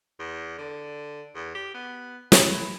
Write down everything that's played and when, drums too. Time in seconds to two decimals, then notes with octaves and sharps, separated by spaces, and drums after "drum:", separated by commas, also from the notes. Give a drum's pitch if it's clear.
0.19 E2
0.58 D3
1.35 E2
1.55 G4
1.74 B3
2.32 B2, drum: snare
2.51 E4